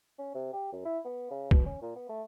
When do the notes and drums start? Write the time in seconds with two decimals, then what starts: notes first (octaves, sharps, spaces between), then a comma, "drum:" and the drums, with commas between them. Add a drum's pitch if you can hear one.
0.19 C#4
0.35 C3
0.52 G4
0.72 F#2
0.85 E4
1.05 B3
1.30 C#3
1.51 B2, drum: kick
1.66 C#4
1.82 A#2
1.96 B3
2.09 A3